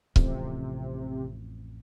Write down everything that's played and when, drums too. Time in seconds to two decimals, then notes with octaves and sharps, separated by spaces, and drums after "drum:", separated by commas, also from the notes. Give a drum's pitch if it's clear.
0.16 A1 F2 C3, drum: kick C#1